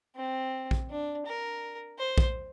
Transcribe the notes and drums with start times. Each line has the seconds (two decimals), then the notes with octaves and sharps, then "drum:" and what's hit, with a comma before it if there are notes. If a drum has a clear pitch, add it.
0.16 C4
0.71 drum: kick
0.90 D4
1.26 A#4
1.99 C5
2.18 drum: kick